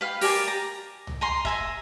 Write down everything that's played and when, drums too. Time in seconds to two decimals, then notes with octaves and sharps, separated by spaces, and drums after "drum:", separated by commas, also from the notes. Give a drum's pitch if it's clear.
0.01 B4 F5 G5
0.21 G4 A#4 D5 G#5, drum: open hi-hat
0.48 A#5
1.07 drum: tom
1.21 G#5 A#5 C6
1.45 E5 G#5 A#5, drum: kick